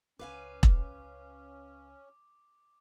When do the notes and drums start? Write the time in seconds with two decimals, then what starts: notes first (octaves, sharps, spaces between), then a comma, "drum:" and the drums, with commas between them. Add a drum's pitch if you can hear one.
0.19 C#2 C#4 E4 B4 F5 G#5 D6
0.63 drum: kick E1